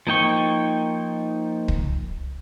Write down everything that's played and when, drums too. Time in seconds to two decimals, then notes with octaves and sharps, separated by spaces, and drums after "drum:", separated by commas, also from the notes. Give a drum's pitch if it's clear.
0.07 F3 A#3 D#4 G5 C#6
1.68 drum: kick